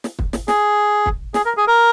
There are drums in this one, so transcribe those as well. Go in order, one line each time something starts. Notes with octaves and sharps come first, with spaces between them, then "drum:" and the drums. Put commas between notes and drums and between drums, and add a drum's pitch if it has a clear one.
drum: snare
drum: kick
drum: snare
G#4, drum: snare
drum: kick
G#4, drum: snare
A#4
G#4
A#4